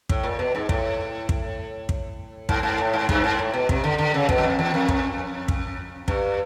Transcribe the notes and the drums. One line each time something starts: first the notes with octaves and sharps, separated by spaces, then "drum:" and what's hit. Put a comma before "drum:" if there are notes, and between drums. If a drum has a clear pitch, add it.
A2, drum: kick
A#2
B2
G#2
A2, drum: kick
drum: kick
drum: kick
G#2, drum: kick
G#2
A2
G#2
G2, drum: kick
G#2
A2
B2
C3, drum: kick
D3
D3
C#3
B2, drum: kick
F#2
F2
E2
F2
drum: kick
drum: kick
G2, drum: kick